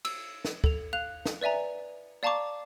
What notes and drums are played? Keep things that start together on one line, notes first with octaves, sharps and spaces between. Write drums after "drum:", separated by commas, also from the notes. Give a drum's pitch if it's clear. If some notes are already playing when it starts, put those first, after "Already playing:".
E6, drum: cymbal
drum: snare
A4 F7, drum: kick
F5 F#6 F7
drum: snare
B4 D5 E5 G#5 A#5
D5 F5 A5 A#5 C#6 D6